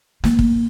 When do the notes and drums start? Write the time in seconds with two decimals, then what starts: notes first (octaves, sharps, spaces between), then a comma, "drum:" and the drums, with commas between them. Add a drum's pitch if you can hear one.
0.24 A#3, drum: snare
0.39 drum: kick